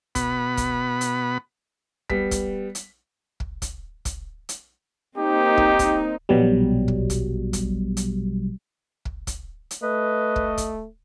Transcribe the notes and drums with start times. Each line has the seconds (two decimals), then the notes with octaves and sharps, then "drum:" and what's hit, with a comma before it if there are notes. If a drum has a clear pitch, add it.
0.15 B2 B3 B5, drum: kick, hi-hat
0.57 drum: kick, hi-hat
1.01 drum: hi-hat
2.10 G3 B3 B6, drum: kick
2.31 drum: kick, hi-hat
2.75 drum: hi-hat
3.40 drum: kick
3.62 drum: kick, hi-hat
4.05 drum: kick, hi-hat
4.49 drum: hi-hat
5.18 A#3 C4 D#4 G4
5.57 drum: kick
5.79 drum: kick, hi-hat
6.29 A#1 B2 F#3 G3
6.88 drum: kick
7.10 drum: kick, hi-hat
7.53 drum: kick, hi-hat
7.97 drum: hi-hat
9.05 drum: kick
9.27 drum: kick, hi-hat
9.71 drum: hi-hat
9.83 A3 B4 D#5
10.36 drum: kick
10.58 drum: kick, hi-hat